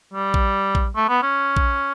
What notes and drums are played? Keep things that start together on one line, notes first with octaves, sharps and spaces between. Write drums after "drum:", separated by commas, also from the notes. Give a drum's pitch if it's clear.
G3
drum: kick A#1
drum: kick A#1
A3
B3
C#4
drum: kick A#1